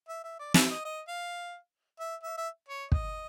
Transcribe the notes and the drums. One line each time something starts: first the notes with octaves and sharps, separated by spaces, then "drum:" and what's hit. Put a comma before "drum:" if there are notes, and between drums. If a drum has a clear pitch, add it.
E5
E5
D5
E5, drum: snare
E5
D#5
D#5
F5
E5
E5
E5
C#5
D#5, drum: kick